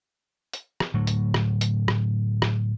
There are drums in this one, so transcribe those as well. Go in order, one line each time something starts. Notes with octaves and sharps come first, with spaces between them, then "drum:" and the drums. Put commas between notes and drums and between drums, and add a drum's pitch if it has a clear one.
drum: hi-hat
drum: rim click
A2 D3 F#3
drum: hi-hat
drum: rim click
drum: hi-hat
drum: rim click
drum: rim click